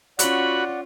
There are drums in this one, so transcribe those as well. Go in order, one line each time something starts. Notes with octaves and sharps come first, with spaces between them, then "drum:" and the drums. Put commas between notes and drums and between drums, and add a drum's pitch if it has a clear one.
C#4 F4 F#4 D5 F#5 B5, drum: hi-hat